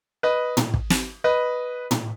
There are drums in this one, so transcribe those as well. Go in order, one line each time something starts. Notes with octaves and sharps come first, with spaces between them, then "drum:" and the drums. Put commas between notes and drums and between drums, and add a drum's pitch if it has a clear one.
B4 D#5
drum: tom
drum: kick
drum: snare
B4 D#5
drum: tom